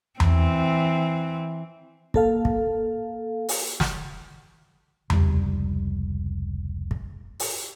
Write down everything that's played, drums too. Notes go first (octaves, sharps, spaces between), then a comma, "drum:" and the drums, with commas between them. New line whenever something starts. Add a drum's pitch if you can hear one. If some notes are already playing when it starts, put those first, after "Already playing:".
E3 C4, drum: tom E2
A#3 A4 F5, drum: kick
drum: kick
drum: open hi-hat
drum: snare
F1 C#2 G3, drum: tom E2
drum: kick
drum: open hi-hat